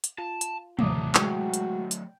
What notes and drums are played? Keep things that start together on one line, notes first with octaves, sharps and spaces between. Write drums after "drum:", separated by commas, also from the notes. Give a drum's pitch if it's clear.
drum: hi-hat
F4 A5
drum: hi-hat
D#2 A2 C3 E3 F#3 A3 D6 D#6, drum: tom
G#3 F#4 G5, drum: clap
drum: hi-hat
drum: hi-hat